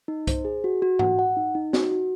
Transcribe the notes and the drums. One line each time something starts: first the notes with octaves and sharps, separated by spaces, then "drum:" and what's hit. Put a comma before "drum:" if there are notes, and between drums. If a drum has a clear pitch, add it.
D#4
C5, drum: kick C2, hi-hat
G#4
F#4
F#4
F#5, drum: tom
F#5
D#4
D#4
F#4, drum: snare
F#4